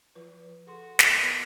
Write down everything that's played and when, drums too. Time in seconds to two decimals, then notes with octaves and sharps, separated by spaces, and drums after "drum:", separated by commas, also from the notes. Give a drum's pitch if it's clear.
0.15 F3 F4 B4
0.67 F#4 G#4 A4 C6
0.99 drum: snare
1.12 B2 E4 A#4 C6